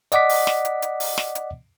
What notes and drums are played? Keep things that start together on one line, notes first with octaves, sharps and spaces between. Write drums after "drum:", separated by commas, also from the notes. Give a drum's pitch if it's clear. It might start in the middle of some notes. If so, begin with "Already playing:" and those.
D5 D#5 F#5 D6 B6, drum: hi-hat
drum: open hi-hat
drum: snare
drum: hi-hat
drum: hi-hat
drum: open hi-hat
drum: snare
drum: hi-hat